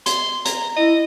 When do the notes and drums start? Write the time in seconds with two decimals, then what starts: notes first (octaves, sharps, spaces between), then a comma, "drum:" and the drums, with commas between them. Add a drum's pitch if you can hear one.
0.06 C6, drum: hi-hat
0.45 A#5, drum: hi-hat
0.77 E4 D#5